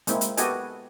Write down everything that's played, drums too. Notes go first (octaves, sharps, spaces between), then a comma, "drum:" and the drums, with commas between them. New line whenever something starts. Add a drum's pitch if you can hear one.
G#3 A#3 C4 E4, drum: hi-hat
drum: hi-hat
B3 F#4 G4 A4 D#5 G#5, drum: hi-hat